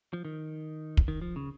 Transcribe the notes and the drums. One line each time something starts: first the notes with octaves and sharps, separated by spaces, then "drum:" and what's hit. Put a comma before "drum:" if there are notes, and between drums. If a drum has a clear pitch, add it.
F3
D#3
drum: kick
D#3
F3
C#3